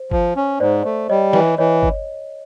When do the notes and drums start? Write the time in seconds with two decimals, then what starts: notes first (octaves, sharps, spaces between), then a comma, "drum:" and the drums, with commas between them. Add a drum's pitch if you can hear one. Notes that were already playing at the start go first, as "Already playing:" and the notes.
Already playing: C5
0.11 F3, drum: kick G1
0.36 C#4
0.60 G#2 C5 D5
0.85 A3
1.09 G3 C#5 D#5
1.33 E3, drum: snare
1.58 E3 C#5 D#5
1.83 drum: kick G1